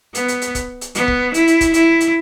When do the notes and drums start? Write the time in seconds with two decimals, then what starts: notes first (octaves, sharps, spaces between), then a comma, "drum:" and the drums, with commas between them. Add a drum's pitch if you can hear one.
0.15 B3, drum: hi-hat
0.28 drum: hi-hat
0.42 drum: hi-hat
0.55 drum: kick, hi-hat
0.81 drum: hi-hat
0.95 B3, drum: hi-hat
1.08 drum: kick
1.34 E4, drum: hi-hat
1.48 drum: hi-hat
1.61 drum: kick, hi-hat
1.74 E4, drum: hi-hat
2.00 drum: hi-hat